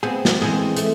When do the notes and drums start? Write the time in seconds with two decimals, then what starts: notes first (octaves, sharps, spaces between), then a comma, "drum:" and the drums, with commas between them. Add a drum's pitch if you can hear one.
0.03 B3 C4 G#4
0.25 drum: snare
0.42 E3 G#3 C4 G#4
0.76 A3, drum: hi-hat